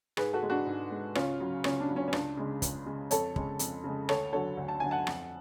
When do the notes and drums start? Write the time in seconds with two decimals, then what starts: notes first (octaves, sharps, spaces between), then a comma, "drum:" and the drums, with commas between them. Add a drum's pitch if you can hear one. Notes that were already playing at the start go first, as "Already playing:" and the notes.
0.17 G#2 G#4 B4, drum: rim click
0.33 F#4 A4
0.43 G#3
0.50 D4 F#4
0.66 G#2
0.91 G#3
1.15 C#2 C#4 F4, drum: rim click
1.40 C#3 F#3
1.64 C#2 C#4, drum: rim click
1.80 D4
1.88 C#3 F#3
1.96 C#4
2.08 C#4
2.13 C#2 D4, drum: rim click
2.37 C#3 G#3
2.62 C#2, drum: kick, hi-hat
2.86 C#3 G#3
3.11 F2 A4 C#5, drum: hi-hat
3.36 C#3 G#3, drum: kick
3.59 F2, drum: hi-hat
3.84 C#3 G#3
4.09 D2 A4 C#5, drum: rim click
4.33 D3 F#3 A4 C#5
4.57 D2
4.68 A5
4.80 D3 F#3 G#5
4.91 F#5 A5
5.07 F2, drum: rim click